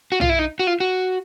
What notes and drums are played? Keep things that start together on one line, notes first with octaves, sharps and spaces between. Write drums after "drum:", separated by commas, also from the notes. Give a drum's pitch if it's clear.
F#4
F4, drum: tom
E4
D#4
F#4
F4
F#4